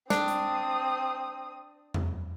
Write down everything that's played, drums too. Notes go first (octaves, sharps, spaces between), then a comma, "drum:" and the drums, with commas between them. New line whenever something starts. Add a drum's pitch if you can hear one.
C4 D4 D#6, drum: snare
drum: hi-hat
drum: tom E2